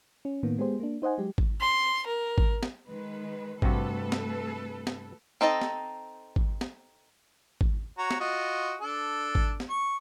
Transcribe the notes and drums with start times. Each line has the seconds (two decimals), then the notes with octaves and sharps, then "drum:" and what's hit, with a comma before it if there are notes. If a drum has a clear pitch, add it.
0.25 C#4
0.43 A2 D#3 A#3 B3
0.58 G#3 B3 G4 G#4 C5
0.80 A#3 D4
1.02 D#4 C5 D#5 F#5 G#5
1.18 F#3 G#3 G4
1.38 drum: kick G#1
1.59 C6
2.05 A#4
2.38 drum: kick G#1
2.63 drum: snare
2.88 D#3 G#3 B4
3.62 G2 C3 A3 F#4 A4 B4, drum: kick G#1
4.12 drum: snare
4.87 drum: snare
5.41 C4 D#4 A4 D#5
5.62 drum: snare
6.36 drum: kick G#1
6.61 drum: snare
7.61 drum: kick G#1
7.98 F#4 C#5 A#5
8.11 drum: snare
8.20 F4 F#4 D#5
8.81 D4 A4
9.35 drum: kick G#1
9.60 drum: snare
9.69 C#6